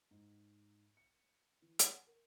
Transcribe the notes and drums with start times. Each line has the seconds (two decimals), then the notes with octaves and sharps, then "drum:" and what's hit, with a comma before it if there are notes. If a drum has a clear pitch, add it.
0.11 G#2
0.97 C#7
1.62 E3
1.79 F#5, drum: hi-hat
2.07 A#4